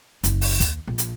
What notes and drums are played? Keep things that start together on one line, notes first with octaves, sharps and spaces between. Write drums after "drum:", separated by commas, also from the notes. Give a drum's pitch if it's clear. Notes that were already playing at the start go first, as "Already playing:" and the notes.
F#1, drum: hi-hat
drum: open hi-hat
D#2, drum: kick, hi-hat
A#1
drum: hi-hat